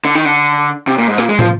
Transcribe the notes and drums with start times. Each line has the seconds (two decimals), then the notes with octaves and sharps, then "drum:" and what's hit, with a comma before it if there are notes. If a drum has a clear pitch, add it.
0.05 D3
0.15 D#3
0.25 D3
0.87 C3
0.98 A#2
1.08 G#2
1.18 A#2, drum: rim click
1.29 G#3
1.39 F3, drum: tom